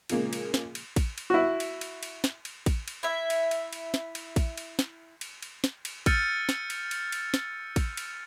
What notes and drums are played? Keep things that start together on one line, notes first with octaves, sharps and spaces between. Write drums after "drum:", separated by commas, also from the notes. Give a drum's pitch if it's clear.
A#2 C#3 F3 G#3 A#3, drum: cymbal
drum: cymbal
drum: snare
drum: cymbal
drum: kick A1, cymbal
drum: cymbal
E4 F#4
drum: cymbal
drum: cymbal
drum: cymbal
drum: snare
drum: cymbal
drum: kick A1, cymbal
drum: cymbal
E4 E5
drum: cymbal
drum: cymbal
drum: cymbal
drum: snare
drum: cymbal
drum: kick A1, cymbal
drum: cymbal
drum: snare
drum: cymbal
drum: cymbal
drum: snare
drum: cymbal
E6 F6 G6 A6 C#7 D#7, drum: kick A1, cymbal
drum: snare
drum: cymbal
drum: cymbal
drum: cymbal
drum: snare
drum: kick A1, cymbal
drum: cymbal